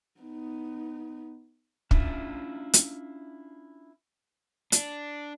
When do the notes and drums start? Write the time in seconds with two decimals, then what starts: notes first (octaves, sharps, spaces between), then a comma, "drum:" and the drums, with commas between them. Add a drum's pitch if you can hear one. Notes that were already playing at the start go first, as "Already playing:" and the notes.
0.20 B3 D#4
1.91 C#4 D4 E4 F4 E5 A5, drum: kick
2.73 drum: hi-hat
4.72 D4, drum: hi-hat